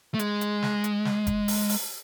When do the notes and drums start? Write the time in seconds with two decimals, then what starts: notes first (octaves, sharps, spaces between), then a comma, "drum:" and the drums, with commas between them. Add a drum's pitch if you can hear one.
0.14 A3
0.19 G#3, drum: hi-hat
0.41 drum: hi-hat
0.63 drum: snare
0.84 drum: hi-hat
1.05 drum: snare
1.27 drum: kick F#1, hi-hat
1.48 drum: open hi-hat
1.69 drum: open hi-hat